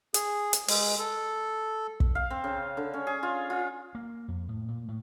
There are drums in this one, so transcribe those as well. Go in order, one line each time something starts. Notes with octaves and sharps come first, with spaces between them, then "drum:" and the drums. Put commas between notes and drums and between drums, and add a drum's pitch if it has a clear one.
G#4, drum: hi-hat
drum: hi-hat
G#3, drum: open hi-hat
A4
drum: kick
F5
C4
C#3
D3
C#4
G#4
F4
F4
A#3
F2
A2
A#2
A2